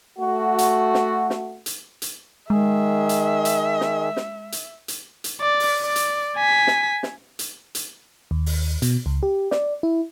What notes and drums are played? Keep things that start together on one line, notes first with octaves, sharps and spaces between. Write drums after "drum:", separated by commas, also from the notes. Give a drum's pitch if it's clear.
A3 F#4
drum: hi-hat
drum: snare
drum: snare
drum: hi-hat
drum: hi-hat
D#3 G#3 G#4 E5
drum: hi-hat
drum: hi-hat
drum: snare
drum: snare
drum: hi-hat
drum: hi-hat
drum: hi-hat
D5
drum: open hi-hat
D5
drum: hi-hat
G#5 B6
drum: snare
drum: snare
drum: hi-hat
drum: hi-hat
D#2
drum: open hi-hat
B2, drum: hi-hat
C#2
G4
D5, drum: snare
E4